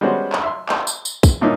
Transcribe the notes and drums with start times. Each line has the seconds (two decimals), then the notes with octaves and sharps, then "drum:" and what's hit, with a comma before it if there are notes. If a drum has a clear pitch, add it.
0.01 G3 G#3 B3 C#4 F#4 C5
0.33 drum: clap
0.44 E5 C6
0.69 drum: clap
0.87 drum: tambourine
1.05 drum: tambourine
1.23 drum: kick, tambourine
1.41 G2 A#2 A#3 C#4 D#4 E4